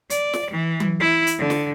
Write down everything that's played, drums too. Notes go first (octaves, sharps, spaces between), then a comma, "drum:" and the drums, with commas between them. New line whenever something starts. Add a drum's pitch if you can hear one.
D5, drum: hi-hat
drum: snare
E3
drum: tom F#3
E4
drum: hi-hat
D3
drum: snare